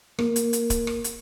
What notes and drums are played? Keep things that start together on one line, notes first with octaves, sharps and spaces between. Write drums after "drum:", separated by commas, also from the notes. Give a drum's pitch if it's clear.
A#3, drum: rim click
drum: hi-hat
drum: hi-hat
drum: kick D1, hi-hat
drum: rim click
drum: hi-hat